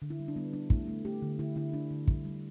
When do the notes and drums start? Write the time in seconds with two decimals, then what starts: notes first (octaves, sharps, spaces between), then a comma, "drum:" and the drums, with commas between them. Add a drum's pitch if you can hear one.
0.02 D3
0.10 E4
0.19 G3
0.28 D4
0.36 G3 B3
0.53 G3 D4
0.70 A3 E4, drum: kick
0.87 A3
1.05 A3 G4
1.22 D3
1.39 D3 E4
1.56 D3 E4
1.73 D3 D4
1.90 D3
2.07 G3, drum: kick
2.25 G3